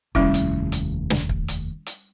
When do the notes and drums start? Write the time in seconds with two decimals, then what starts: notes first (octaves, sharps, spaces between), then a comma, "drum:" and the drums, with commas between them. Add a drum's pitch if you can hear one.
0.15 F1 D#2 G3 C#4 E4, drum: kick
0.34 drum: hi-hat
0.72 drum: hi-hat
1.10 drum: snare
1.29 drum: kick
1.48 drum: hi-hat
1.86 drum: hi-hat